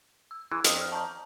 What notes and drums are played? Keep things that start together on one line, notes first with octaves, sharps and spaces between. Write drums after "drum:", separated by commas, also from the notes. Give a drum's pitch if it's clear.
E6
E3 E4
F2 D#6 F6, drum: hi-hat
D5 D#6 F6
A5 A#5 G6